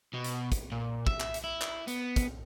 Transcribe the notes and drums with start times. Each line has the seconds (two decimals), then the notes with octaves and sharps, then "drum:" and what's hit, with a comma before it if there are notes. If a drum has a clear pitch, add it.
0.14 B2
0.24 drum: hi-hat
0.52 drum: kick, hi-hat
0.72 A#2
1.07 E5, drum: kick
1.20 drum: clap
1.34 drum: hi-hat
1.44 E4
1.61 drum: clap
1.88 B3, drum: hi-hat
2.16 drum: kick, hi-hat